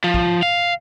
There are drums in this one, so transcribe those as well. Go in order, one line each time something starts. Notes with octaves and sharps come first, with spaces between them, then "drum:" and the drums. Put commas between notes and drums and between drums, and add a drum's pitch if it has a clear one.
F3
drum: kick
F5